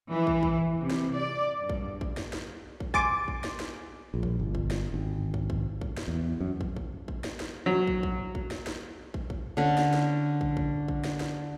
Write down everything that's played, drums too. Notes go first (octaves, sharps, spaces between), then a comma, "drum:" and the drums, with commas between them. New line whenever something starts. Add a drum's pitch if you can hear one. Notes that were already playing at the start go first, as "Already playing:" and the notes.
E3
drum: kick
drum: kick
C3
drum: snare
D5
G2
drum: kick
drum: kick
drum: snare
drum: snare
drum: kick
G#5 C6 D6 A6 D7, drum: kick
drum: kick
drum: snare
drum: snare
A#1
drum: kick
G1
drum: kick
drum: snare
G#1
drum: kick
drum: kick
drum: kick
drum: snare
E2
F#2
drum: kick
drum: kick
drum: kick
drum: snare
drum: snare
F#3
drum: kick
drum: kick
drum: kick
drum: snare
drum: snare
drum: kick
drum: kick
D3 C#4
drum: snare
drum: snare
drum: kick
drum: kick
drum: kick
drum: snare
drum: snare